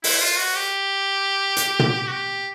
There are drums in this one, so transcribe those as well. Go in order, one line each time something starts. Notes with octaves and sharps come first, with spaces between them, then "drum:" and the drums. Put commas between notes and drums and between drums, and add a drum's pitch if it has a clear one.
E4, drum: open hi-hat
F4
F#4
G4
drum: hi-hat
drum: tom
F#4
G4